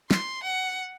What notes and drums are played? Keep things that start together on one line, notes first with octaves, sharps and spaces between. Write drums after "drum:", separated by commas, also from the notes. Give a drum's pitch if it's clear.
C6, drum: snare
F#5